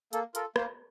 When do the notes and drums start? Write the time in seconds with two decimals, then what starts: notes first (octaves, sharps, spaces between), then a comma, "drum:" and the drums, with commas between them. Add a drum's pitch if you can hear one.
0.13 A#3 A4, drum: hi-hat
0.35 F4 A4 A#4, drum: hi-hat
0.56 A#3 C5, drum: rim click